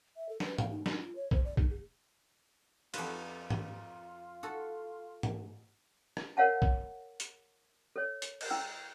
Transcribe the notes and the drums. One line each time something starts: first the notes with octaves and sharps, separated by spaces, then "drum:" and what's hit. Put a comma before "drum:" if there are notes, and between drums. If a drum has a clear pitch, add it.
E5
A4
B4, drum: snare
F5, drum: tom
D#4
D#4, drum: snare
F4
C#5
C5, drum: kick
D5
D#4, drum: kick
G#4
F2 F4 F#4 B4, drum: cymbal
drum: tom G#2
F#4 A4
drum: tom
drum: rim click
A#4 C#5 F5 F#5 A5
drum: kick
drum: hi-hat
A4 C#5
drum: hi-hat
drum: cymbal
E4 G5 E6